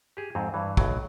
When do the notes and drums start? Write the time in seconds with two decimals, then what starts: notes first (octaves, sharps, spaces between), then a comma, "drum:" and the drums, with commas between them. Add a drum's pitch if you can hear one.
0.17 G4 G#4
0.35 F2 G#2 C4
0.54 G2 E3
0.77 B1 A2 F#3, drum: kick